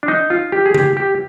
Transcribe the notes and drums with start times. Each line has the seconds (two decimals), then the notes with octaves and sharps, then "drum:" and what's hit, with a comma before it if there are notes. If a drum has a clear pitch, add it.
0.03 D4
0.08 D#4
0.30 F4
0.52 G4
0.66 G#4
0.74 G4, drum: tom C#3
0.97 G4